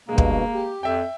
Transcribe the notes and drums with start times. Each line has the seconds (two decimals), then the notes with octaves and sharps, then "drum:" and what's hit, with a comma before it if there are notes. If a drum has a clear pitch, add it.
0.09 G2 B2 G#3 A#3
0.18 drum: kick
0.54 G4
0.83 F2 E5 G5